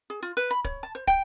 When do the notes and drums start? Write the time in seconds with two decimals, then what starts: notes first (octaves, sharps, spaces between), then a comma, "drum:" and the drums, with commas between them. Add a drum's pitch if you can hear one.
0.10 G#4
0.23 F4
0.37 B4
0.51 B5
0.64 C#5, drum: kick
0.83 A5
0.95 C5
1.07 G5, drum: kick